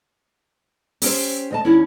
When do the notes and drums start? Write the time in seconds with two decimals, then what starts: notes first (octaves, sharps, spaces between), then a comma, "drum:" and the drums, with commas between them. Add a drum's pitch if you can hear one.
1.02 C#4 G4 C5, drum: open hi-hat
1.51 D2 D#5 A5
1.65 D#2 C#4 E4